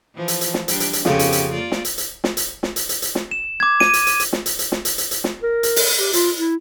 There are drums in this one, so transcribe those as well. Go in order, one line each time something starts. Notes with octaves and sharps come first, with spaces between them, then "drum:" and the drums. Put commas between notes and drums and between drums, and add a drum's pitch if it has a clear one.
E3 F3
drum: hi-hat
drum: hi-hat
drum: snare
G3 D4, drum: hi-hat
drum: hi-hat
drum: hi-hat
F2 C#3 B3 C#4 G4, drum: snare
drum: hi-hat
drum: hi-hat
A#3 F4 D5
drum: snare
drum: hi-hat
drum: hi-hat
drum: snare
drum: hi-hat
drum: snare
drum: hi-hat
drum: hi-hat
drum: hi-hat
drum: snare
E7
D6 G#6
D#7, drum: snare
drum: hi-hat
drum: hi-hat
drum: hi-hat
drum: snare
drum: hi-hat
drum: hi-hat
drum: snare
drum: hi-hat
drum: hi-hat
drum: hi-hat
drum: snare
A#4
drum: hi-hat
drum: open hi-hat
G4
F4, drum: hi-hat
E4